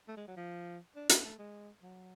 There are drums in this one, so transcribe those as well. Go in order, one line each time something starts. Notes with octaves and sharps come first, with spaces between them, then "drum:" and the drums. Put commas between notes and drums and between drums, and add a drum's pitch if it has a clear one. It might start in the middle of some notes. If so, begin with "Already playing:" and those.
A3
G#3
F#3
F3
D4
B3, drum: hi-hat
A3
G#3
F#3